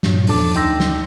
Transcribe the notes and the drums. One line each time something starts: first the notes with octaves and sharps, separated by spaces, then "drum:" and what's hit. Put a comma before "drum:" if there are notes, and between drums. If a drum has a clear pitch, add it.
G2 A#2 F#3, drum: snare
E2 F3 D4 A4 A5 D6, drum: open hi-hat
D2 D#4 G5 C6 E6 A#6, drum: hi-hat
drum: snare